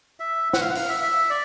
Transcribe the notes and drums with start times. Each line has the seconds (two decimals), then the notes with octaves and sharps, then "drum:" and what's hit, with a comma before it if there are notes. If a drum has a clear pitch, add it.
0.20 E5
0.53 F#5, drum: snare
0.61 F5
0.70 F#5
0.75 F5, drum: open hi-hat
0.89 E5
1.02 E5
1.30 D5